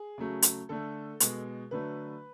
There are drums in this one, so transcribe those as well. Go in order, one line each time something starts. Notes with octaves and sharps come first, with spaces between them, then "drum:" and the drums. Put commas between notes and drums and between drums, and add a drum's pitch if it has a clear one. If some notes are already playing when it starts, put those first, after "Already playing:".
Already playing: G#4
C#3 F#3 A3
drum: hi-hat
D3 A3 A4
B2 G#3, drum: hi-hat
D3 F#3 A3 B4